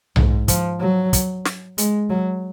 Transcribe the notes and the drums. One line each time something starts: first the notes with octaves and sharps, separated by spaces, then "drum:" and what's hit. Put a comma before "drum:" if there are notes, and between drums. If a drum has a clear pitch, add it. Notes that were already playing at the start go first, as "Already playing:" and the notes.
G#2, drum: tom B1
F3, drum: kick, hi-hat
F#3
drum: kick, hi-hat
drum: snare
G#3, drum: hi-hat
F#3